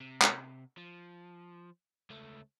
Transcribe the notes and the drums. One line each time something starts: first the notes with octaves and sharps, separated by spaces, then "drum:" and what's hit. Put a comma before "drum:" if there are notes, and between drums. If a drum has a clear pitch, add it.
C3
drum: clap
F3
C#2 A3